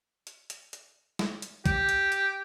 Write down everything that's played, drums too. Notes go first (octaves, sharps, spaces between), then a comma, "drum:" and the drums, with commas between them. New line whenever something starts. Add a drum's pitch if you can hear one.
drum: hi-hat
drum: hi-hat
drum: hi-hat
drum: snare
drum: hi-hat
G4, drum: kick A#1, hi-hat
drum: hi-hat
drum: hi-hat